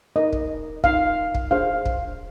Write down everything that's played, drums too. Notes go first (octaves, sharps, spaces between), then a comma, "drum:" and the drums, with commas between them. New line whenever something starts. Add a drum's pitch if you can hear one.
D#4 A#4 D#5
drum: kick
D#4 A#4 F5, drum: kick
drum: kick
D4 G#4 C5 F5
drum: kick